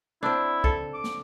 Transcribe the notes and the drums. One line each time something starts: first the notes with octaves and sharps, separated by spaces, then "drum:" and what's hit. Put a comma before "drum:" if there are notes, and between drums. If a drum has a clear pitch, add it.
C4 D4 E4
A4, drum: kick
D6
drum: snare